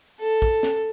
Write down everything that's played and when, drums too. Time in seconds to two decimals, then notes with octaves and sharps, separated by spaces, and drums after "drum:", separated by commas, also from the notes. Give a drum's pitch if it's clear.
0.21 A4
0.42 drum: kick
0.63 drum: snare